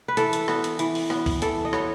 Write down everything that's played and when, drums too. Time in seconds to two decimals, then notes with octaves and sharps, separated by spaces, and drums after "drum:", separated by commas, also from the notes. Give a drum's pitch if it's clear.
0.08 B4
0.17 E3 A4, drum: hi-hat
0.33 drum: hi-hat
0.48 B3, drum: rim click
0.64 drum: hi-hat
0.79 E3, drum: hi-hat
0.95 drum: open hi-hat
1.10 B3, drum: rim click
1.26 drum: kick, open hi-hat
1.42 E3 A4, drum: hi-hat
1.65 D#5
1.73 B3 C#5, drum: rim click